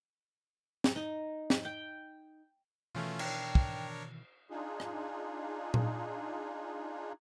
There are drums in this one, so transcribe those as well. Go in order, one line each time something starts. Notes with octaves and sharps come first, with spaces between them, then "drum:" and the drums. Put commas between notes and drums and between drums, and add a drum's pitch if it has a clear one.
drum: snare
D#4
drum: snare
G5
B2 D#3 E3 A3 C#4 F4
D4 A#4 C#5 G5, drum: cymbal
drum: kick
D4 D#4 F4 G#4
drum: rim click
drum: tom A#2